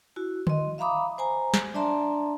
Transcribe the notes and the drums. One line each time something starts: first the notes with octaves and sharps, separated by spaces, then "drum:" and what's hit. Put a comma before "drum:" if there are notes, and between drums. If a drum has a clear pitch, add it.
E4 F#4
D#5 C6, drum: tom D3
E5 F5 A#5 B5 D6 D#6
C5 G#5 A#5
drum: snare
D4 D5 E5 A5 A#5 C6